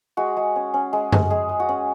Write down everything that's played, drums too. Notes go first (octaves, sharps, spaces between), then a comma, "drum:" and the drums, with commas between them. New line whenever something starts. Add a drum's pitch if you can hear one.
G#3 F#4
G#3
C#4
C#4
G#3
G#3, drum: tom F#2
G#3 G#4
G#3
F#4
C#4